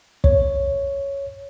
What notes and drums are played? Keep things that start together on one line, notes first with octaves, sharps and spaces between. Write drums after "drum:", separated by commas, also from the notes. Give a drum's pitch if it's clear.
C#5, drum: kick